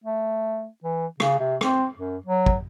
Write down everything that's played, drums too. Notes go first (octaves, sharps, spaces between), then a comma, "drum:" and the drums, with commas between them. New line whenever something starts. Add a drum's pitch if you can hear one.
A3
E3
C#3, drum: rim click
C3
C4, drum: rim click
F#2
F#3
drum: kick